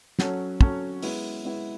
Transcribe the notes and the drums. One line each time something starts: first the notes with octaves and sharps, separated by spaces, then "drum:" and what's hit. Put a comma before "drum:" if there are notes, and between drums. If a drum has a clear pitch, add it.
F#3 C#4 F#4 A4 C#5, drum: snare
F#3 C#4 F#4 A4 C#5, drum: kick
G#3 B3 E4, drum: open hi-hat
G#3 B3 E4